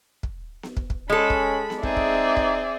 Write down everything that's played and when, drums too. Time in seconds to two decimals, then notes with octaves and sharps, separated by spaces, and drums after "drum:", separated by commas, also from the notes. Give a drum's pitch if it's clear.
0.23 drum: kick
0.63 drum: snare B3
0.77 drum: kick
0.90 drum: kick
1.10 G#3 C#4 A4 B5
1.30 drum: kick
1.70 drum: snare B3
1.83 C4 D#4 G#4 D5 E5, drum: kick
1.97 drum: kick
2.37 drum: kick